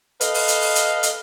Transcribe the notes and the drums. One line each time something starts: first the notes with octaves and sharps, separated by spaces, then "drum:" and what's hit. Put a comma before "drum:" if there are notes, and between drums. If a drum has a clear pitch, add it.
A4 B4 D#5 F5, drum: hi-hat
drum: open hi-hat
drum: hi-hat
drum: open hi-hat
drum: hi-hat
drum: hi-hat